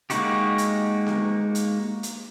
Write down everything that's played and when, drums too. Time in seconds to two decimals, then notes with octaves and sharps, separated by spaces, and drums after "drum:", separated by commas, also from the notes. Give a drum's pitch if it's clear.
0.10 G#3 A#3 D#4 F#4 G4, drum: hi-hat
0.58 drum: hi-hat
1.06 drum: snare B3
1.55 drum: hi-hat
2.03 drum: hi-hat